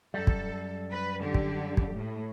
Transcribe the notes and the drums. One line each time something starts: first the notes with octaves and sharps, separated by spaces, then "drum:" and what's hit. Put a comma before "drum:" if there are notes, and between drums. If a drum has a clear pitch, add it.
F#2 G3 A4
drum: kick
B4
D3 G4
drum: kick
drum: kick
A2